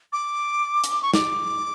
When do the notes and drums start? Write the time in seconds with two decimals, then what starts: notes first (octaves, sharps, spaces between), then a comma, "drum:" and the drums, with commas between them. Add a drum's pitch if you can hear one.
0.12 D6
0.84 drum: hi-hat
1.02 C#6
1.14 D6, drum: snare